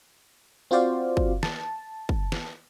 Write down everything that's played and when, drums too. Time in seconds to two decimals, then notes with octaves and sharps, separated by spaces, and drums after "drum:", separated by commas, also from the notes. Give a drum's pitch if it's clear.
0.71 C4 F4 F#4 C5 D5 F5
1.17 drum: kick
1.43 A5, drum: snare
2.09 drum: kick
2.32 drum: snare